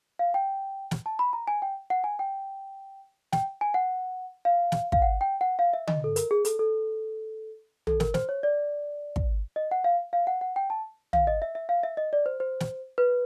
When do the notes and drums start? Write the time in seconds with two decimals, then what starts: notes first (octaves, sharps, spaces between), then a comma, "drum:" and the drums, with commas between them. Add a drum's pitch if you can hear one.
0.19 F5
0.34 G5
0.91 drum: snare
1.06 A5
1.19 B5
1.33 A#5
1.48 G#5
1.62 G5
1.90 F#5
2.04 G#5
2.19 G5
3.33 G5, drum: snare
3.61 G#5
3.74 F#5
4.45 F5
4.72 drum: snare
4.92 F5, drum: kick
5.02 F#5
5.21 G5
5.41 F#5
5.59 F5
5.73 E5
5.87 D#5, drum: tom D3
6.04 A4
6.16 A#4, drum: hi-hat
6.31 G#4
6.45 A4, drum: hi-hat
6.59 A4
7.87 A4, drum: tom
8.00 A#4, drum: snare
8.14 C5, drum: snare
8.29 C#5
8.43 D5
9.16 drum: kick
9.56 D#5
9.71 F#5
9.84 F5
10.13 F5
10.27 F#5
10.41 F#5
10.56 G5
10.70 A5
11.13 F5, drum: tom
11.27 D#5
11.42 E5
11.55 E5
11.69 F5
11.83 E5
11.97 D#5
12.13 D5
12.26 C5
12.40 C5
12.60 drum: snare
12.98 B4